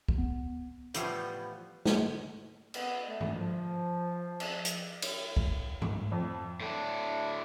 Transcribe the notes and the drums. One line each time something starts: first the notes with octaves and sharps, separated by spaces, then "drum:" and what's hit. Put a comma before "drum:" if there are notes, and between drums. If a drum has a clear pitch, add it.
drum: kick
B3
A2 E3 F3 G3 B3, drum: hi-hat
drum: snare
B3, drum: cymbal
A3
drum: tom G2
F3
drum: cymbal
drum: hi-hat
drum: cymbal
drum: kick
drum: tom G2
F2
A2 D4